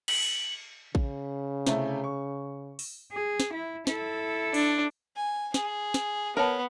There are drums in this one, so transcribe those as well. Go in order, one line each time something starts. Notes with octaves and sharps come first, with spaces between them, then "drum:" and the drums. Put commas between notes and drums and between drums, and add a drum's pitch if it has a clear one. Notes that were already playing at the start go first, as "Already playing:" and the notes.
F#7, drum: cymbal
drum: open hi-hat
C#3, drum: kick A1
C3 A3 E4, drum: snare
C#6
drum: open hi-hat
G#4
drum: snare
E4
E4 A4, drum: snare
D4, drum: open hi-hat
G#5
G#4, drum: snare
drum: snare
B3 A#4 C#5 A5